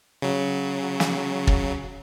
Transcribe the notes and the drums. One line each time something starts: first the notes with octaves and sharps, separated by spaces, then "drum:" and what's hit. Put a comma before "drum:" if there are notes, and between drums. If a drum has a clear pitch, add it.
C#3 F#3
drum: snare
drum: kick